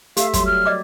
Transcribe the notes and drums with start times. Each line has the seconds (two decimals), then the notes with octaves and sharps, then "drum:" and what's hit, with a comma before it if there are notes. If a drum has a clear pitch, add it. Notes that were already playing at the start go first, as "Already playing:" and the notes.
0.17 A3 G4 E5 F5, drum: hi-hat
0.33 F#3 G3 C6, drum: kick, hi-hat
0.46 F6
0.66 D5 D#5 D6